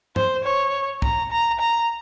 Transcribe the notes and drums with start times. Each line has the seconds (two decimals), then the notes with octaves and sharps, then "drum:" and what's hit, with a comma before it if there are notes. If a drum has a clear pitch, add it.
0.16 C5, drum: tom G2
0.44 C#5
1.02 A#5, drum: kick
1.31 A#5
1.60 A#5